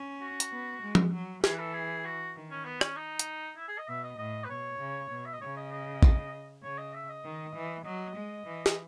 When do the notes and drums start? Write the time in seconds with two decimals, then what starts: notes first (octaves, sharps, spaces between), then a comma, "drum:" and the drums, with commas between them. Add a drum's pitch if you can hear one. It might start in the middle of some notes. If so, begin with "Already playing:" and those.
Already playing: C#4
0.22 F#4
0.40 drum: hi-hat
0.52 B3
0.82 G#3
0.95 drum: tom F3
1.14 F#3
1.44 E3 G#4, drum: snare
1.54 B4
1.60 A4
1.74 G#4
2.05 F#4
2.36 D#3
2.51 C#4
2.66 B3
2.81 C#4, drum: rim click
2.96 D#4
3.19 drum: hi-hat
3.57 E4
3.68 G#4
3.78 D#5
3.88 B2 E5
4.04 D#5
4.18 A2 D#5
4.45 B4
4.50 B2 C#5
4.79 C#3
5.11 B2
5.26 E5
5.33 D#5
5.42 C#3 C#5
5.57 D#5
5.72 D#5
6.03 drum: kick A1
6.63 C#3 C#5
6.79 D#5
6.94 E5
7.10 D#5
7.25 D#3
7.56 E3
7.85 F#3 D#5
8.17 G#3
8.47 E3
8.66 D#5, drum: snare